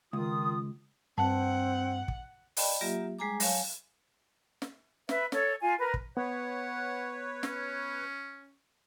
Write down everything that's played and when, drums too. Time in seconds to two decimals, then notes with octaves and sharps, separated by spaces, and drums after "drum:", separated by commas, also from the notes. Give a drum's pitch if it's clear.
0.13 C#2 D#3 F4 D#6
1.18 G2 C4 F#5 A5
2.08 drum: kick
2.57 D5 D#5 G5 A5 B5, drum: open hi-hat
2.81 F#3 A#3 F4 G4 E5
3.19 G3 G#3 G#4 G#5 A#5 D6
3.40 F#3 C#5 F5 G#5 A5, drum: open hi-hat
4.62 drum: snare
5.09 B4 E5, drum: snare
5.32 A4 C#5, drum: snare
5.62 F4 G#5
5.79 A#4 B4
5.94 drum: kick
6.17 B3 B4 C#5 F#5
7.43 C#4, drum: snare